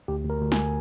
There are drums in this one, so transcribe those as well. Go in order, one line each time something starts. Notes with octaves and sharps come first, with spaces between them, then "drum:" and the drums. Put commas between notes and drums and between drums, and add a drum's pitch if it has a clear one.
D2 G4
D2 A#4
D2
G#5, drum: snare